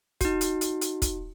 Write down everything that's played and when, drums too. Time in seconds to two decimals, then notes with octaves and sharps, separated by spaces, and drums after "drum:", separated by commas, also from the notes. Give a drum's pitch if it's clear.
0.21 D#4 F#4, drum: kick, hi-hat
0.41 drum: hi-hat
0.61 drum: hi-hat
0.81 drum: hi-hat
1.02 drum: kick, hi-hat